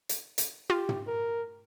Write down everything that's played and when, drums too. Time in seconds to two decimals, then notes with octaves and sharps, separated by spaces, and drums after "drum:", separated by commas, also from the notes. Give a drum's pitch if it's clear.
0.09 drum: hi-hat
0.38 drum: hi-hat
0.70 F4 G4
0.89 drum: tom
1.07 A#4